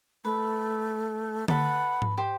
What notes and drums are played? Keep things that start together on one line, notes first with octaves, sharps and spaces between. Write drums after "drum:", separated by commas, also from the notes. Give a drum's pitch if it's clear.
A3 B4
A4 B4 F#5 B5, drum: tom D3
drum: tom G#2
G4 C5